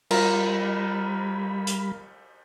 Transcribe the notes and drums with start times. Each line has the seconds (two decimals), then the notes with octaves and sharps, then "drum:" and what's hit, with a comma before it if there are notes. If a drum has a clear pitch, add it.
0.11 G3 F4 A#4 A#5 B5, drum: cymbal
1.67 drum: hi-hat